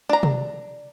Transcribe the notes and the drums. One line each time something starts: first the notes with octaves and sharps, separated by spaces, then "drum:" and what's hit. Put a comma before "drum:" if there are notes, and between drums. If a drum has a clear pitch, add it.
D4 A#5
drum: tom B2